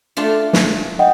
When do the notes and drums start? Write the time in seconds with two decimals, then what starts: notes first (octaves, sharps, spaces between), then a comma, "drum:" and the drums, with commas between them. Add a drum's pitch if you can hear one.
0.17 A3 D4 F4
0.53 drum: snare
0.99 D#5 F#5 G5